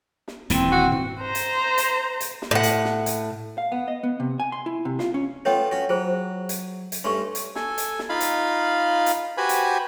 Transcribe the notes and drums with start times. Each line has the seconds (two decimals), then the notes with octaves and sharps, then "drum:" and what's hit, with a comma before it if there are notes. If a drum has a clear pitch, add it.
0.28 drum: snare
0.50 D#1 A#2 E3 C4, drum: hi-hat
0.72 F#4
0.92 drum: tom G#2
1.21 C5 A#5
1.35 drum: hi-hat
1.78 drum: hi-hat
2.20 drum: hi-hat
2.42 drum: snare
2.51 A2 F#5
2.63 drum: hi-hat
2.85 drum: snare
3.06 drum: hi-hat
3.58 F5
3.72 B3
3.88 D#5
4.03 B3
4.20 C3
4.40 G#5
4.52 C6
4.66 E4
4.85 C3
4.99 F4, drum: snare
5.14 C#4
5.45 A3 B3 F4 C#5 G5
5.71 C#4 F#4
5.89 F#3 F4 G#4 C5
6.49 drum: hi-hat
6.92 drum: hi-hat
7.04 G2 A3 C#4 C6 C#6
7.35 drum: hi-hat
7.56 A4 G#5, drum: snare
7.78 drum: hi-hat
7.99 drum: snare
8.09 D#4 F4 F5 B5
8.20 drum: hi-hat
9.06 drum: hi-hat
9.37 F#4 G4 B4 C5 G#5 B5
9.49 drum: hi-hat